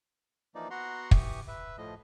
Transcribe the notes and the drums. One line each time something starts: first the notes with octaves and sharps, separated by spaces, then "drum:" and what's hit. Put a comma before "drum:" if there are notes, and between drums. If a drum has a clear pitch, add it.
E3 F3 A#3 D#4 D5
B3 F#4 F#5 A#5 C6
E3 G4 C#6 D#6, drum: kick
B4 E5
A2 F3 D#5